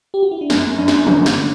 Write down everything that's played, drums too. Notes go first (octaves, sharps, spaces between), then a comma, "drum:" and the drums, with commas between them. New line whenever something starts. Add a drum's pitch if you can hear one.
G4
F#4
E4
D4
F#2 C#4, drum: snare
F#2 D4
drum: snare
G1, drum: tom
drum: snare